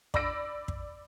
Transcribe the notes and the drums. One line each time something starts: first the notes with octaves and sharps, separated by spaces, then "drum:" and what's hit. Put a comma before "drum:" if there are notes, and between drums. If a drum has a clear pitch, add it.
D5 B5 E6 A#6 D7, drum: kick
drum: kick